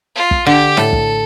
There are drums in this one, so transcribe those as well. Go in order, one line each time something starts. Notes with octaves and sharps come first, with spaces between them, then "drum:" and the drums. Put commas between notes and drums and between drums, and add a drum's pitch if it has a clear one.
F4
drum: kick
D3 G4
A2 A4, drum: snare
drum: kick